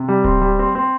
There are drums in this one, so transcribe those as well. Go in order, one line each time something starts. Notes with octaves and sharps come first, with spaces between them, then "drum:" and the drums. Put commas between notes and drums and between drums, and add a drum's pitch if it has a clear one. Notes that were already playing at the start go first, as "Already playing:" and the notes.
Already playing: C3
G3
C4, drum: kick D1
G3
C4
C4